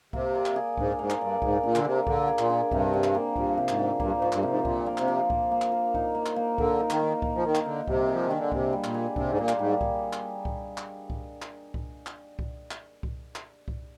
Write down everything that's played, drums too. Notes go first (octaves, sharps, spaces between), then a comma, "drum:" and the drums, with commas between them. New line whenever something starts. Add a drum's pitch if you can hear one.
C3 A#3, drum: kick C2
D5
drum: clap
G#4
G#2 D4, drum: kick C2
G#2 A#3
drum: clap
G2 D5
G#2 G#4, drum: kick C2
A#2 D4
D3, drum: clap
C3 A#3
D3 D5, drum: kick C2
G#4
A#2, drum: clap
D4
G2 C3, drum: kick C2
D4
drum: clap
A#3
G2 F3, drum: kick C2
C3
G#2, drum: clap
D4
G2 A#3, drum: kick C2
G#2 F3
G2, drum: clap
C3
G#2
A#2 D4, drum: kick C2
A#3
C3, drum: clap
F3
A#3, drum: kick C2
A#3
drum: clap
A#4
D#4, drum: kick C2
A#3
drum: clap
A#3
D3 A#4, drum: kick C2
D#4
D#3, drum: clap
A#3
A#3, drum: kick C2
F3
D#3 A#4
drum: clap
D3 D#4
C3 G3, drum: kick C2
F3 G#4
D#3 D4
D3
C3 A#3, drum: kick C2
G3
A#2, drum: clap
G#4
C3 D4, drum: kick C2
G#2
A#2 A#3
drum: clap
G#2 G3
G#4, drum: kick C2
drum: clap
drum: kick C2
drum: clap
drum: kick C2
drum: clap
drum: kick C2
drum: clap
drum: kick C2
drum: clap
drum: kick C2
drum: clap
drum: kick C2